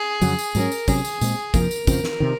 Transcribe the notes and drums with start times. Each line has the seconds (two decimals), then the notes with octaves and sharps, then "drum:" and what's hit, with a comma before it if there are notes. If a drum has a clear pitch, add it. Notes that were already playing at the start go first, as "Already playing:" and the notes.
Already playing: G#4
0.22 F2 C#3 F#3, drum: tambourine
0.38 drum: tambourine
0.55 G#2 F#3 A#3 C#4 A#4, drum: tambourine
0.72 drum: tambourine
0.88 C3 F#3 C#4 G#4, drum: kick, tambourine
1.05 drum: tambourine
1.21 A#2 G#3 C4, drum: tambourine
1.54 F2 C3 F3 A#3 A#4, drum: kick, tambourine
1.71 drum: tambourine
1.87 F2 C#3 F3 C4, drum: kick, tambourine
2.04 drum: snare
2.20 C3 D#3